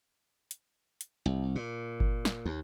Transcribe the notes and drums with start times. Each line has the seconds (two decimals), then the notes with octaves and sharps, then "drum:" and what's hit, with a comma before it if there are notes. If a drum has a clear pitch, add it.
0.51 drum: hi-hat
1.01 drum: hi-hat
1.26 C2
1.56 A#2
2.00 drum: kick G1
2.25 drum: snare
2.46 D#2